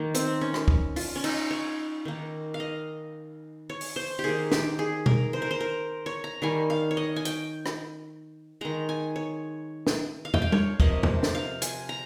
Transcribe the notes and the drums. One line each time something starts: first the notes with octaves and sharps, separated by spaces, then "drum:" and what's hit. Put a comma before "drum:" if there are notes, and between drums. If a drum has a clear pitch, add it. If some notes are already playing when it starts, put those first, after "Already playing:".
Already playing: D#3 A#3
C4, drum: hi-hat
C#4
drum: rim click
drum: kick
F4, drum: open hi-hat
C#4
D#4, drum: cymbal
C#5
D#3 A#3
F5
D#5
C#5
drum: open hi-hat
C5
G4
D#3 A#3 G#4
G4, drum: snare
G#4
A#4, drum: tom B2
C5
A#4
C5
A#4
C#5
A#5
D#3 G3 A#3 G#5
F5
C#5
D#5
G#5
G5, drum: hi-hat
drum: rim click
D#3 G#3 A#5
G#5
C#5
drum: snare
F5
G5, drum: tom
F5
C#5, drum: tom G3
C3 F3 A#3 D#5, drum: kick
drum: tom
drum: snare
F5
G#5, drum: hi-hat
A#5